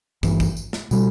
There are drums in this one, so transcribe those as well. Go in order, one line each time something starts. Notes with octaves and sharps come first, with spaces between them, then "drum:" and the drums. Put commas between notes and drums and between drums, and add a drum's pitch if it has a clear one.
G1 G2 E3, drum: kick, tambourine
drum: kick, tambourine
drum: tambourine
drum: snare
B2 G3, drum: tambourine